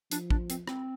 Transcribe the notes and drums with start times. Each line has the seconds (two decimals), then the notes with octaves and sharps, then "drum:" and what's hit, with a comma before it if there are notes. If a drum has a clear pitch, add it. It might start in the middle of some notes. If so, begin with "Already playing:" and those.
0.11 F3 D4, drum: hi-hat
0.30 D4, drum: kick
0.50 C4, drum: hi-hat
0.68 C4, drum: rim click